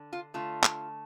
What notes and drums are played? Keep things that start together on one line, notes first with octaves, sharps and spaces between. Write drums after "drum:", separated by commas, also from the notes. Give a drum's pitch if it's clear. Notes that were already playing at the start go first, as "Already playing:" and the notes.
Already playing: D3
F4
D3 A3 F4
drum: clap